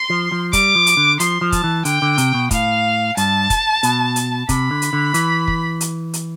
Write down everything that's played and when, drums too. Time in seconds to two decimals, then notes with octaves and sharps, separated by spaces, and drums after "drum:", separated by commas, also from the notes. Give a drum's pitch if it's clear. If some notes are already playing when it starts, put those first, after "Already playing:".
Already playing: C6
0.10 F3
0.32 F3
0.53 G3 D6, drum: kick, hi-hat
0.75 F3
0.87 drum: hi-hat
0.97 D3
1.20 F3 C6, drum: hi-hat
1.41 F3
1.52 A5, drum: kick, hi-hat
1.64 E3
1.85 D3 G5, drum: hi-hat
2.02 D3
2.18 C3, drum: hi-hat
2.34 B2
2.51 A2 F5, drum: kick, hi-hat
3.17 G2 A5, drum: hi-hat
3.50 drum: kick, hi-hat
3.83 B2, drum: hi-hat
4.16 drum: hi-hat
4.49 C3 B5, drum: kick, hi-hat
4.71 D3
4.82 drum: hi-hat
4.93 D3
5.14 E3, drum: hi-hat
5.48 drum: kick
5.81 drum: hi-hat
6.13 drum: hi-hat